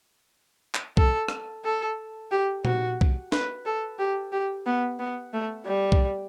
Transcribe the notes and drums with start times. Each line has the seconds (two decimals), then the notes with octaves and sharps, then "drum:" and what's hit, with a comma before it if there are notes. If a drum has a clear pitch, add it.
0.75 drum: clap
0.97 A4, drum: kick
1.28 drum: rim click
1.64 A4
2.31 G4
2.65 F#4, drum: tom A#2
3.01 drum: kick
3.32 B4, drum: snare
3.65 A4
3.99 G4
4.32 G4
4.66 B3
4.99 B3
5.33 A3
5.66 G3
5.92 drum: kick